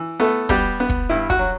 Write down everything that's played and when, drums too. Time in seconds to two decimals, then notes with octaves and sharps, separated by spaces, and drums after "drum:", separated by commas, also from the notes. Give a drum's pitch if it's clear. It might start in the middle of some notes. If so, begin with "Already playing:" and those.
Already playing: E3
0.20 A3 B3 A4
0.49 G3 B3 G4, drum: kick
0.80 B3
0.89 drum: kick
1.09 G2 E4
1.30 F#4, drum: kick
1.39 F#3